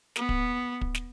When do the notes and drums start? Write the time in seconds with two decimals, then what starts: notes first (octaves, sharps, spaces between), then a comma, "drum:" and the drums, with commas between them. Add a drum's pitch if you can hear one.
0.16 B3, drum: snare
0.29 drum: kick
0.81 drum: kick
0.95 drum: snare